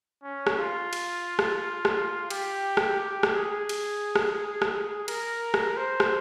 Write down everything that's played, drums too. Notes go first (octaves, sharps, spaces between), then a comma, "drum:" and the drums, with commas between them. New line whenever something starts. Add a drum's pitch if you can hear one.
C#4
drum: rim click
F4
drum: cymbal
drum: rim click
drum: rim click
G4, drum: cymbal
drum: rim click
G4
drum: rim click
G#4
drum: cymbal
drum: rim click
drum: rim click
A#4, drum: cymbal
drum: rim click
C5
drum: rim click